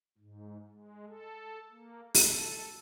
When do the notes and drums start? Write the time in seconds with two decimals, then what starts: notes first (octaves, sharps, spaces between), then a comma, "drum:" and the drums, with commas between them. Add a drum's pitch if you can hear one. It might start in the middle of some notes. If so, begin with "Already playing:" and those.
0.18 G#2
0.68 G#3
1.06 A4
1.69 A#3
2.14 A4, drum: open hi-hat